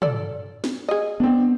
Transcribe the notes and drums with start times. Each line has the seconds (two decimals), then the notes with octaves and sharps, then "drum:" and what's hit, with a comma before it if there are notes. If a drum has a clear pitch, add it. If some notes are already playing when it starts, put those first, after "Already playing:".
0.02 A4 D5, drum: tom
0.64 drum: snare
0.88 G#4 D#5
1.20 B3 C4 D4